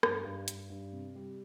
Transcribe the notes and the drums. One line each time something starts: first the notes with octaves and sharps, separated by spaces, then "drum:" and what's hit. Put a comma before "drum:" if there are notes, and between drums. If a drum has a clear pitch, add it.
G2, drum: rim click
G2
G2, drum: hi-hat
G2
C3
G3